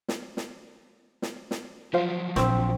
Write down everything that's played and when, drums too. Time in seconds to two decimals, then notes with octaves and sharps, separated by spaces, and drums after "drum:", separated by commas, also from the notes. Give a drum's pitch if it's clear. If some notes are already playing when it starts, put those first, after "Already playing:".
0.08 drum: snare
0.37 drum: snare
1.22 drum: snare
1.51 drum: snare
1.94 F3 F#3 F4 C5 F5
2.36 A#1 C4 C#6 E6, drum: snare